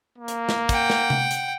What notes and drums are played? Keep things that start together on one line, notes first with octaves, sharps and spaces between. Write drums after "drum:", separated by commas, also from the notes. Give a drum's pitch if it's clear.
A#3
drum: hi-hat
drum: snare
F#5 G5, drum: kick, hi-hat
drum: snare
drum: tom C3
drum: hi-hat